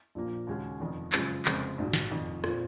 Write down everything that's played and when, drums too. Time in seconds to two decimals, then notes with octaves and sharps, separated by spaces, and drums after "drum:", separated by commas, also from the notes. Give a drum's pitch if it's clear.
0.15 A#1 A#2 F3 A#3
0.47 D#2 C#3 G#3 C#4 F#4
0.80 F1 F2 D#3
1.12 F#2 C#3 F3 G#3, drum: clap
1.45 F1 F2 C#3 G#3 C4, drum: clap
1.78 A#1 G#2 F#3
1.93 drum: snare
2.11 F1 F2 D#3
2.44 A#2 F3 C4, drum: rim click